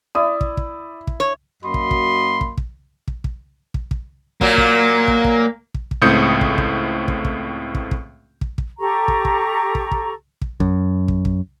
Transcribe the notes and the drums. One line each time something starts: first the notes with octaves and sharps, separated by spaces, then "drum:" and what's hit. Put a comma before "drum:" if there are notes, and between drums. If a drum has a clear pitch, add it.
E4 D5 D#6
drum: kick
drum: kick
drum: kick
C#5
F#2 A#3 F#4 D#5 B5 C6
drum: kick
drum: kick
drum: kick
drum: kick
drum: kick
drum: kick
drum: kick
drum: kick
A#2 F#3 A#3, drum: kick
drum: kick
drum: kick
drum: kick
drum: kick
drum: kick
C#2 A2 C4 D#6 G6 C#7
drum: kick
drum: kick
drum: kick
drum: kick
drum: kick
drum: kick
drum: kick
drum: kick
G4 A4 A#5 C#6
drum: kick
drum: kick
drum: kick
drum: kick
drum: kick
F#2, drum: kick
drum: kick
drum: kick